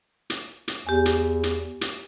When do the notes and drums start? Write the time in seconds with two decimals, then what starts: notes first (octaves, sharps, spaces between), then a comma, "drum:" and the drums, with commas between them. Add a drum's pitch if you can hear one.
0.30 drum: hi-hat
0.68 drum: hi-hat
0.87 E2 G4 G#5
1.05 drum: hi-hat
1.43 drum: hi-hat
1.81 drum: hi-hat